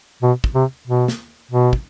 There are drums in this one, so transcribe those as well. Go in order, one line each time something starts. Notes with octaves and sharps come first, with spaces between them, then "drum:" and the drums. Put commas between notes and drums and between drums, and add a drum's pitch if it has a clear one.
B2
drum: kick
C3
B2
drum: snare
B2
drum: kick